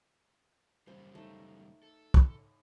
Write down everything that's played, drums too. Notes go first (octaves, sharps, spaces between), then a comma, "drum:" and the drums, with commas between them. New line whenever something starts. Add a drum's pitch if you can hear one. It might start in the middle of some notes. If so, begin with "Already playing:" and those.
F#2 C#3 G3 C5
A3 D#4
A4
drum: kick